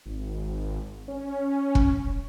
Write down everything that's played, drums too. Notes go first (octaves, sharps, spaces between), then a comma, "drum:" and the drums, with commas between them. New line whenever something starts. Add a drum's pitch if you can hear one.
G#1
C#4
drum: kick